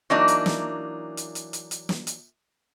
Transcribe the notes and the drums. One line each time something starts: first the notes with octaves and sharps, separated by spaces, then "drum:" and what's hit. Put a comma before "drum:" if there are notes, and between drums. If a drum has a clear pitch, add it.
E3 F#3 A#3 D4 D#4
drum: hi-hat
drum: snare
drum: hi-hat
drum: hi-hat
drum: hi-hat
drum: hi-hat
drum: snare
drum: hi-hat